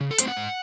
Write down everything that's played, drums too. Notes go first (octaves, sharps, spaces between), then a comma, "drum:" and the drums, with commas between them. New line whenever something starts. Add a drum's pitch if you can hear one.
C#3
A4
F#3 A3 C4 C5, drum: hi-hat
F#5
G#2